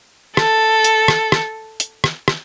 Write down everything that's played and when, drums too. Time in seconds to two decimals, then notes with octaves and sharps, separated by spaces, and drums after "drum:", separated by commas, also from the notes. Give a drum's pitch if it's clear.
0.37 A4, drum: rim click
0.84 drum: hi-hat
1.08 drum: rim click
1.32 drum: rim click
1.80 drum: hi-hat
2.04 drum: rim click
2.28 drum: rim click